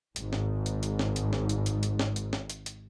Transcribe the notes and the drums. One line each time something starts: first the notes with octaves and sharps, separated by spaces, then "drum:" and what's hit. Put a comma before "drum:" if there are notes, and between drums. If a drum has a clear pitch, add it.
G#1 G#2, drum: hi-hat
drum: snare
drum: hi-hat
drum: hi-hat
drum: snare
drum: hi-hat
drum: snare
drum: hi-hat
drum: hi-hat
drum: hi-hat
drum: snare
drum: hi-hat
drum: snare
drum: hi-hat
drum: hi-hat